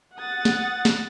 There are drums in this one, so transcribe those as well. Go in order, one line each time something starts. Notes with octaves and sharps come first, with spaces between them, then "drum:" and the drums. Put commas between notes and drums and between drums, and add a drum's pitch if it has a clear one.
F#5 D#6 A6
drum: snare
drum: snare